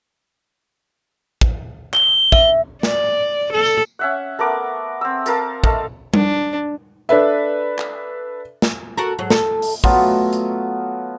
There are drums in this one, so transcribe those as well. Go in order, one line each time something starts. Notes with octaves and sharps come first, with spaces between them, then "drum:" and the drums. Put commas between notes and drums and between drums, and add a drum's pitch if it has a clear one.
drum: kick
G7, drum: clap
E5, drum: kick
D5, drum: snare
A4
drum: tambourine
C#4 E5 F#5
A3 B3 A#4 D6
C4 E6
A4 A#4 F5 A5, drum: hi-hat
A3 A4 D#5 F5, drum: kick
D4, drum: tom G3
D4 A4 B4 E5
drum: clap
drum: snare
F#4 A4 A#4
G#2 F#3
A4, drum: snare
drum: open hi-hat
F#3 A3 B3 F4, drum: kick
drum: hi-hat